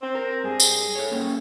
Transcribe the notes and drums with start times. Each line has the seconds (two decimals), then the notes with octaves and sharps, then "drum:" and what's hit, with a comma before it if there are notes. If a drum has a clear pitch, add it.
0.01 C4
0.15 A#4
0.44 G2 G#4
0.60 drum: tambourine
0.95 A4 C#5
1.11 A#3 C#4